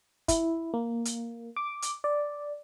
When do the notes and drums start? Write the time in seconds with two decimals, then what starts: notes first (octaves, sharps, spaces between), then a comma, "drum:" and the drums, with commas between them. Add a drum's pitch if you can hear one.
0.28 E4, drum: kick, hi-hat
0.74 A#3
1.05 drum: hi-hat
1.56 D6
1.82 drum: hi-hat
2.04 D5